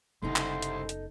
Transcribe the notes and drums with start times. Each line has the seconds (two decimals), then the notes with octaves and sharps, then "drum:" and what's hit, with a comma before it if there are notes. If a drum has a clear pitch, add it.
0.23 F#1 C2 B3 D#4 A4 C6
0.36 drum: clap
0.62 drum: hi-hat
0.89 drum: hi-hat